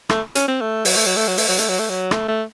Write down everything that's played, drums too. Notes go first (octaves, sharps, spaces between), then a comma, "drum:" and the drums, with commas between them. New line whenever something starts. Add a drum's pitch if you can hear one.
A3, drum: rim click
C#4, drum: hi-hat
C4
A3
F#3, drum: open hi-hat
A3
F#3
A3
F#3
A3, drum: open hi-hat
F#3
A3, drum: hi-hat
F#3
A3
F#3
A3, drum: rim click
A3